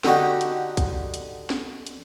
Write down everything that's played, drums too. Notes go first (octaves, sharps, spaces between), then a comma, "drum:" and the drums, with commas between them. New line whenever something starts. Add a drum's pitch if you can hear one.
D3 D#4 F#4 G4, drum: snare
drum: hi-hat
drum: kick, hi-hat
drum: hi-hat
drum: snare
drum: hi-hat